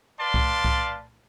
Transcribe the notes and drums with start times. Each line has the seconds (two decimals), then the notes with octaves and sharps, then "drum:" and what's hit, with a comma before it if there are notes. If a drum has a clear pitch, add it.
0.19 B4 D5 F5 A5 C6
0.34 drum: kick C2
0.65 drum: kick C2